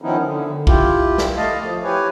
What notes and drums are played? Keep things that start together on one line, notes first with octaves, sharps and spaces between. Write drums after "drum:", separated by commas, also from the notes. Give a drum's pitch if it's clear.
D#3 F3 B3 C#4 D#4 E4
D3
E4 F4 G4, drum: kick
drum: snare
A3 D#5 F5 A5
F3
E4 G4 B4 C#5 G#5